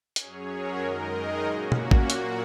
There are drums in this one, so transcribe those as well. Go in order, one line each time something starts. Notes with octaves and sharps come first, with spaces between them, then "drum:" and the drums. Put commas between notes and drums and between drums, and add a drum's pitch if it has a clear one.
F#2 F#3 C#4 G#4 C#5, drum: hi-hat
F#4 A#4
F#2 D#3 G#3 D#4 A#4 D#5
G#4
A#2 A#3 C#4 F#4
drum: tom B2
drum: kick A1
A#2 F#3 A#3, drum: hi-hat